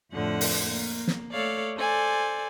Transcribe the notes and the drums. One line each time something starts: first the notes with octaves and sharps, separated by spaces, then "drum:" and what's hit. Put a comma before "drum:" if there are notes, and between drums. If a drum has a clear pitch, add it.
F2 A2 D3 F3 F#5
drum: open hi-hat
A#3
drum: snare
A3 A4 C#5 D5 F5
A4 C5 D5 G#5